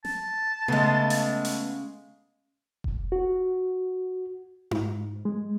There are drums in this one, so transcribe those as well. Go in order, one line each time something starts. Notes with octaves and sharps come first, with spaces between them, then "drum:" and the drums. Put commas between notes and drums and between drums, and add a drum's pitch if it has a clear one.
A5, drum: snare
C#3 G#3 A3 B3
drum: hi-hat
drum: hi-hat
drum: kick F1
F#4
G#2, drum: tom D#4
G#3